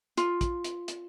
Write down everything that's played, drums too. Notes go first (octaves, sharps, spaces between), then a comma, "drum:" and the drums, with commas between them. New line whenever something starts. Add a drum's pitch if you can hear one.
F4, drum: hi-hat
drum: kick, hi-hat
drum: hi-hat
drum: hi-hat